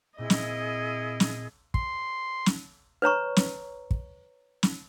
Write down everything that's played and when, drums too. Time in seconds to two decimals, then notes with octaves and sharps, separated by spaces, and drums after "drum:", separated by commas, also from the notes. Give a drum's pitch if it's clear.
0.18 A#2 C4 E4 G#4 D#5 E6
0.30 drum: snare
1.20 drum: snare
1.74 C6, drum: kick
2.46 drum: snare
3.02 B4 C#5 A#5 C#6
3.36 drum: snare
3.91 drum: kick
4.63 drum: snare